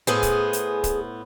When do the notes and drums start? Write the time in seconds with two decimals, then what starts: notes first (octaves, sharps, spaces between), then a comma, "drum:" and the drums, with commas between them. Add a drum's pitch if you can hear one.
0.07 A2 B3 G#4 C5
0.23 drum: kick, hi-hat
0.53 drum: hi-hat
0.84 drum: kick, hi-hat